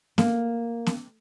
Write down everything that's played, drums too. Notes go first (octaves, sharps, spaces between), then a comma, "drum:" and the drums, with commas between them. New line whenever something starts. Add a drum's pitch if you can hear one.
A#3, drum: snare B3
drum: snare B3